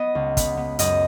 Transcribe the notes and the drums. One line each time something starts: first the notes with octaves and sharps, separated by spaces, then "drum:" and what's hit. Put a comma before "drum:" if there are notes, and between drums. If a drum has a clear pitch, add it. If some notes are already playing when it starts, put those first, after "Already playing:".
Already playing: B3 D#5
C#2
B3, drum: kick, hi-hat
B3
F#2 D#5, drum: hi-hat